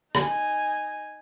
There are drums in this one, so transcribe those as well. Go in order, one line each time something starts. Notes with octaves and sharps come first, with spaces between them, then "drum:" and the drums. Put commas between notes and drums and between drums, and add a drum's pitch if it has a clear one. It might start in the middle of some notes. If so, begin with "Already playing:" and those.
D#4 G#5, drum: rim click